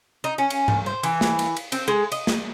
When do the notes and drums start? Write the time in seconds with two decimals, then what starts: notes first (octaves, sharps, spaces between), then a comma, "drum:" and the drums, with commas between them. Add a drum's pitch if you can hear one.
0.24 D#4
0.38 C#4
0.50 drum: cymbal
0.68 drum: tom G#2
0.86 C5
1.03 E3, drum: cymbal
1.21 drum: snare
1.39 drum: cymbal
1.56 drum: cymbal
1.72 C4, drum: cymbal
1.88 G#3
2.12 D#5, drum: cymbal
2.27 drum: snare